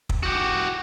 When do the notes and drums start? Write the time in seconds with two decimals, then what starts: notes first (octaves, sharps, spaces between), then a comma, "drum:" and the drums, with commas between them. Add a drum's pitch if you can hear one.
0.09 drum: kick
0.23 F#4 G4